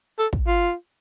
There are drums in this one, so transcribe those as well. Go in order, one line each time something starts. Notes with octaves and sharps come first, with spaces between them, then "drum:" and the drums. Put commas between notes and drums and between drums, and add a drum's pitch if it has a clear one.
A4
drum: kick
F4